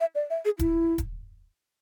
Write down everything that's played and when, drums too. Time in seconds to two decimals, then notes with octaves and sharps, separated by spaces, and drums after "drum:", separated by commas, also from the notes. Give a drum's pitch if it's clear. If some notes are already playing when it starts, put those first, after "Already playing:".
0.01 E5
0.15 D5
0.30 E5
0.45 G#4
0.59 E4, drum: kick D#1, hi-hat
0.98 drum: kick D#1, hi-hat